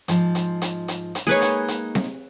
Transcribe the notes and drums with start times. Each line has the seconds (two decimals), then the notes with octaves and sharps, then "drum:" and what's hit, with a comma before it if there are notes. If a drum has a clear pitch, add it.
0.08 G#2 F3, drum: hi-hat
0.35 drum: hi-hat
0.62 drum: hi-hat
0.88 drum: hi-hat
1.15 drum: hi-hat
1.27 G#3 A#3 D#4 G#4 B4 C#5
1.42 drum: hi-hat
1.68 drum: hi-hat
1.95 drum: snare C4